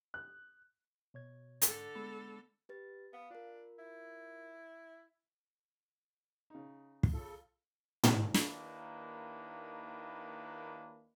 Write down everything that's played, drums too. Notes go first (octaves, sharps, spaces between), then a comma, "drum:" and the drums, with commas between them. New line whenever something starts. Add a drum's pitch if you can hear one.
F#6
B2 C#5 G#6
G#2 D3 A4, drum: hi-hat
G#3 B3 B5
G4 B4 A6
B3 F5
D4 F4 A#4
E4
C#3 D#4
drum: kick
C#3 F4 A4
drum: tom
D#2 D#3 A#3 D4 E4 B4, drum: snare